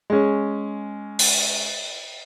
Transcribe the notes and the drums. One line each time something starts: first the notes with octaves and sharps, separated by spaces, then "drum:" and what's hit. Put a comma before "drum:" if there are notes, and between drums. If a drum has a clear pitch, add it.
G#3 C#4
drum: open hi-hat